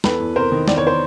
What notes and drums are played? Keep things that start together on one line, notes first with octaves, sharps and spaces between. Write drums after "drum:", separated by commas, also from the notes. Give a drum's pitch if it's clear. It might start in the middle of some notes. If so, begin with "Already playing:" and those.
E2 A4 B4, drum: snare
E2
C3 A#4 C5
D#3
E2 D5, drum: snare
C#5
C5